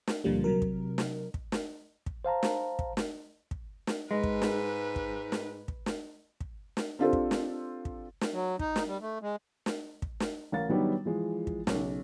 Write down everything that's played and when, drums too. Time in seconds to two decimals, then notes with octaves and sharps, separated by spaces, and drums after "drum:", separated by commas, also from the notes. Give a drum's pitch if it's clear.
0.07 drum: snare
0.24 C#2 A#2 D3 F3 G3 A#3
0.44 C3 F#3 A#4
0.62 drum: kick
0.98 drum: snare
1.34 drum: kick
1.52 drum: snare
2.06 drum: kick
2.25 C5 F5 A5 A#5
2.43 drum: snare
2.79 drum: kick
2.97 drum: snare
3.51 drum: kick
3.87 drum: snare
4.11 G#2 G#3 B4
4.23 drum: kick
4.42 drum: snare
4.96 drum: kick
5.32 drum: snare
5.68 drum: kick
5.86 drum: snare
6.41 drum: kick
6.77 drum: snare
6.99 C4 D4 F4 G4 A4 C5
7.13 drum: kick
7.31 drum: snare
7.85 drum: kick
8.21 drum: snare
8.33 F#3
8.59 D#4, drum: kick
8.76 drum: snare
8.87 G3
9.01 A3
9.22 G#3
9.66 drum: snare
10.02 drum: kick
10.20 drum: snare
10.52 A1 A#4 F5 A6
10.69 D#3 F#3 G3 B3 D4 D#4
11.05 E3 F3 G#3
11.47 drum: kick
11.67 B1 C#3, drum: snare